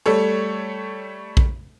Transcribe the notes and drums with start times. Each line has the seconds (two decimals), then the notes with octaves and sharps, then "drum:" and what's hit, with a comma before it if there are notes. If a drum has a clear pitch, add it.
0.06 G3 A3 A4 C#5
1.37 drum: kick A#1